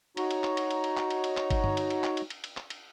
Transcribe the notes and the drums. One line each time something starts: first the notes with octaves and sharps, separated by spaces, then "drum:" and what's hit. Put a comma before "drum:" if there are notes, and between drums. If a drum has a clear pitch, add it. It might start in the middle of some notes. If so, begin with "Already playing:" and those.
D#4 F#4 C#5 A#5, drum: cymbal
drum: cymbal
drum: clap
drum: cymbal
drum: cymbal
drum: cymbal
drum: clap
drum: cymbal
drum: cymbal
drum: clap
drum: kick G1, cymbal
drum: tom G2
drum: cymbal
drum: cymbal
drum: clap
drum: cymbal
drum: cymbal
drum: cymbal
drum: clap
drum: cymbal